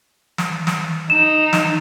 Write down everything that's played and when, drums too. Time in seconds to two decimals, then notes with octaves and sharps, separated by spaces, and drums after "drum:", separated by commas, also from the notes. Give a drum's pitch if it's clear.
0.38 drum: snare
0.67 drum: snare
1.10 D#4 E7
1.53 drum: snare